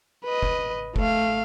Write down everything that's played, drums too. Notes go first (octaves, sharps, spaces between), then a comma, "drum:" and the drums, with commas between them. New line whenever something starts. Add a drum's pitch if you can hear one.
B4 D#5
drum: kick F1
A3 F5, drum: kick F1